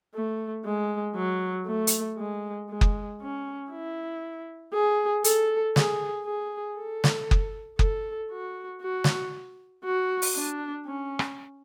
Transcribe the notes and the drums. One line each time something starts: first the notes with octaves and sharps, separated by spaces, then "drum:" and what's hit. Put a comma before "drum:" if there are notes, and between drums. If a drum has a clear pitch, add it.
A3
G#3
F#3
A3
drum: hi-hat
G#3
G#3
drum: kick F#1
C#4
E4
G#4
A4, drum: hi-hat
G#4, drum: snare
G#4
A4
drum: snare
drum: kick F#1
A4, drum: kick F#1
F#4
F#4
drum: snare
F#4
drum: open hi-hat
D4
C#4
drum: rim click